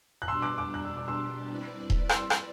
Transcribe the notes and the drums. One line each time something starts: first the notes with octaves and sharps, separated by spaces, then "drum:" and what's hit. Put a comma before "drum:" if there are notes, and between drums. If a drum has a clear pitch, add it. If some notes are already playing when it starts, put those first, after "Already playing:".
F#6
B2 G3 D4 G4 C6 E6
D6 F#6
D6 F#6
F#6
E6
D6
C6 E6
G3 C4 E4 B4 D5
drum: kick D#1
C6 E6, drum: rim click
drum: rim click